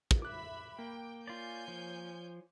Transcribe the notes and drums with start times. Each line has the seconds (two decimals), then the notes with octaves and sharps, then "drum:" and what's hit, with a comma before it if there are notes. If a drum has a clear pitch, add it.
0.11 drum: kick
0.22 E5 B5 D6 F#6
0.79 A#3 G5
1.27 F4 C#5 D5 G#5 G6
1.68 F3